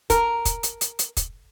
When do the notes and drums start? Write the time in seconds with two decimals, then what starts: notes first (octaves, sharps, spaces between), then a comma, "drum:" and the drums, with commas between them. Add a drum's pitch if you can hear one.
0.10 A#4, drum: kick, hi-hat
0.45 drum: kick, hi-hat
0.63 drum: hi-hat
0.81 drum: hi-hat
0.99 drum: hi-hat
1.17 drum: kick, hi-hat